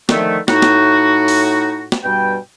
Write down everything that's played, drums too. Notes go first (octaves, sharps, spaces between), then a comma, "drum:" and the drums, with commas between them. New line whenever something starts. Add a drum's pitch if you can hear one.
D3 D#3 F3 A3, drum: snare
A2 D#4 F#4, drum: snare
drum: snare
drum: open hi-hat
drum: snare
G2 B2 G3 G5